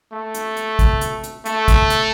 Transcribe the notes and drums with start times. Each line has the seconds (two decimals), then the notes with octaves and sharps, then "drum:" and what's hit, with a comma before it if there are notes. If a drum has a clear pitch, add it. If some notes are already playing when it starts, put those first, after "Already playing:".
0.12 A3
0.34 drum: hi-hat
0.57 drum: hi-hat
0.79 drum: kick A#1, hi-hat
1.01 drum: hi-hat
1.23 drum: hi-hat
1.46 A3, drum: hi-hat
1.68 drum: kick A#1, hi-hat
1.90 drum: hi-hat